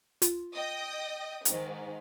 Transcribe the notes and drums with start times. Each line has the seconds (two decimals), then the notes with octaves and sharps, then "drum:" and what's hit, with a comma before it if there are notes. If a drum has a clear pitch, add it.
0.22 F4, drum: hi-hat
0.55 D#5 G5 D#6
1.45 G#2 D#3, drum: hi-hat